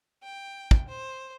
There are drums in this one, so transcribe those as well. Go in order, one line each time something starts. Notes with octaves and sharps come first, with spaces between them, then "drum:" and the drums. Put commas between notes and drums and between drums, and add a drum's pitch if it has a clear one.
G5
drum: kick
C5